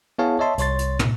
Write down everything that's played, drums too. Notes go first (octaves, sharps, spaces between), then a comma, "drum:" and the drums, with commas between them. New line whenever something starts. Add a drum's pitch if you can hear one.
B3 E4 G#4 C#5 F5 A5
C#5 D#5 E5 A5 C6
C2 C#5 C6 A6, drum: hi-hat
drum: hi-hat
drum: tom